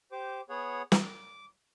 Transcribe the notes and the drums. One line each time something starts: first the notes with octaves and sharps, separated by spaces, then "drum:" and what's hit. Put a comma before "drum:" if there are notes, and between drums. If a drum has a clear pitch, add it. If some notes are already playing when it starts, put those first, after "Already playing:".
G4 C5 D6
B3 G#4 C#5 F#5
D6, drum: snare